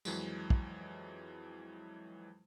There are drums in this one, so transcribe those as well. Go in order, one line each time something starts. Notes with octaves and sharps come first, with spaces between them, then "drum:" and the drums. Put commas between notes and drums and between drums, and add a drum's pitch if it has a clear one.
F2 E3 F#3 G#3, drum: tambourine
drum: kick